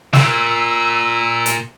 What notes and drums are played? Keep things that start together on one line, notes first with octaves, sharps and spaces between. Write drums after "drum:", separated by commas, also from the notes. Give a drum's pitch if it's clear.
A#2 E6, drum: snare
drum: hi-hat